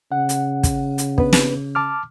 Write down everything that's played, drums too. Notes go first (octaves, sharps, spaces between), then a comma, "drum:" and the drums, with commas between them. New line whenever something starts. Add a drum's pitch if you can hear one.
C#3 F#5
drum: hi-hat
drum: kick, hi-hat
drum: hi-hat
B3 D4 B4, drum: kick
drum: snare
A5 D6 F6